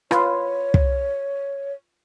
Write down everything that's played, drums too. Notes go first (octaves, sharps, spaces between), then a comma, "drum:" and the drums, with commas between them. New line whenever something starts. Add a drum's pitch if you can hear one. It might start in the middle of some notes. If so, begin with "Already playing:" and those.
F4 B4 C#5, drum: rim click
drum: kick